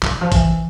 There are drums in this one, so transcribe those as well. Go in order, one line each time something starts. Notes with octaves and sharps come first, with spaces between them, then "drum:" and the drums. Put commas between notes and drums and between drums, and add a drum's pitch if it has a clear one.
E3, drum: clap
F3
E3, drum: kick, hi-hat